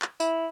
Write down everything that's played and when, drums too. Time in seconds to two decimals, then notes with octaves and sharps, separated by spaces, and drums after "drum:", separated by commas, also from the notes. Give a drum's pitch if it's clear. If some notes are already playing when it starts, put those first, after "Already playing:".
0.02 drum: clap
0.20 E4, drum: tambourine